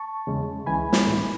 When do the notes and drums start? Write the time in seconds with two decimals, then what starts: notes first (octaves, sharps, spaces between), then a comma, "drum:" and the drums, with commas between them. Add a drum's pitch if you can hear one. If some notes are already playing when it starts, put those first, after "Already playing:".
Already playing: A5 C#6
0.27 E2 C#3 G#3
0.66 C#2 C#3 E3 G#3 G#5 B5
0.93 drum: snare
1.07 A2 E3 G#3